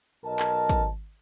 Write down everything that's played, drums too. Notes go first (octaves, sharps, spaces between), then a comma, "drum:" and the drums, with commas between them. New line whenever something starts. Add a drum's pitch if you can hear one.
B1 A#4 D#5 A5
drum: clap
drum: kick, hi-hat